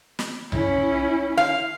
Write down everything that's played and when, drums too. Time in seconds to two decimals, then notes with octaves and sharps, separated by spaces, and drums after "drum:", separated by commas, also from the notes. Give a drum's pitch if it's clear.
0.19 drum: snare
0.52 C#4 E4, drum: tom B1
1.37 F5